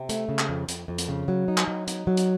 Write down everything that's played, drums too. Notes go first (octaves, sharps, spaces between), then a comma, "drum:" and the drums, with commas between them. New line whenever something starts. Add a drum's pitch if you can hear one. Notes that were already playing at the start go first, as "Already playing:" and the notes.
Already playing: C3
A3, drum: hi-hat
C#3
drum: clap
F2
F2, drum: hi-hat
F2
drum: hi-hat
C#3
F#3
D#4
drum: clap
F#3
D#4, drum: hi-hat
F#3
drum: hi-hat